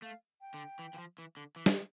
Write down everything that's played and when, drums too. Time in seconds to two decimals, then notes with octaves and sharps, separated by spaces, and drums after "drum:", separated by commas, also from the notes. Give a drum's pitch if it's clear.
0.02 A3 F5
0.41 G5
0.54 D3
0.79 E3
0.94 E3
0.98 F3
1.18 E3
1.37 D3
1.56 E3
1.66 drum: snare